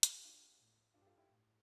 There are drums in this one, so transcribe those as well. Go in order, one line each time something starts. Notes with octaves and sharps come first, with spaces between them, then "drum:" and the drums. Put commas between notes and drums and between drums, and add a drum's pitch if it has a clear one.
drum: hi-hat
G4
D4 F4
A2
G2 D4 F4
G4
F4 A4
E4 G4
A2